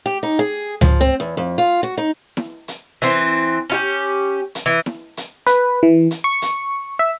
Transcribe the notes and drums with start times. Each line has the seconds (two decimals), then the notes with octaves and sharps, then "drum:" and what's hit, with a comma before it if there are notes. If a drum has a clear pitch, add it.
0.06 G4
0.23 D#4
0.39 G#4
0.81 F3, drum: tom C#2
1.01 C4
1.20 E2
1.37 F2
1.58 F4
1.83 F#4
1.98 D#4
2.37 drum: snare E4
2.68 drum: hi-hat
3.02 E3 C4, drum: hi-hat
3.70 C#4 F4 G4
4.55 drum: hi-hat
4.66 E3
4.86 drum: snare E4
5.17 drum: hi-hat
5.47 B4, drum: hi-hat
5.83 E3
6.11 drum: hi-hat
6.24 C#6
6.42 drum: hi-hat
6.99 E5